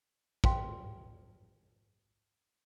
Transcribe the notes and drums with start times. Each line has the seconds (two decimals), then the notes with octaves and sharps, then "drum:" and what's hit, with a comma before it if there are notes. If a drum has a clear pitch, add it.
0.44 F4 C5 F5 G5 C6, drum: kick